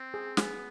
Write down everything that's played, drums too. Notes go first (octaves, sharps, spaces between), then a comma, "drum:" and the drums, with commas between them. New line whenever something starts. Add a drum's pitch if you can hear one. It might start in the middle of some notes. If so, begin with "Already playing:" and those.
Already playing: C4
G#4
B3 G#4, drum: snare